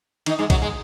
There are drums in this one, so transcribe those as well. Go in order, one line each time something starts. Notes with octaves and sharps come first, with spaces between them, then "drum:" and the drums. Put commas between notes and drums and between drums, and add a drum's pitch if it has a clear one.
D#3 D#4, drum: cymbal
G#2 G#3
F#2 F#3, drum: kick, cymbal
G#3